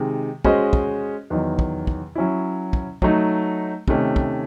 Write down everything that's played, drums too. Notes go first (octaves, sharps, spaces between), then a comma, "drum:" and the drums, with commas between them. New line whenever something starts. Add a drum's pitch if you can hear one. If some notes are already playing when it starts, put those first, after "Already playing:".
Already playing: C3 D#3 G#3
G#3 C#4 F#4 C5 D#5, drum: kick
drum: kick
E2 D#3 F#3
drum: kick
drum: kick
F#3 C#4 E4
drum: kick
F#3 A3 D#4, drum: kick
C3 D#3 A3 C#4, drum: kick
drum: kick